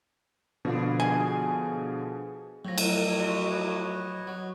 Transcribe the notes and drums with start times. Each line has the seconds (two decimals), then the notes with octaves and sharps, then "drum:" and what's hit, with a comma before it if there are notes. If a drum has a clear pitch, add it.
0.65 B2 D3 F3 A#3 B3 D4
1.00 G#4 G#5
2.65 A2 F3 F#3 C#5 A#6
2.78 drum: cymbal
3.20 G#3 F#4 E5
3.50 B4 C#5 D#5
4.27 F#3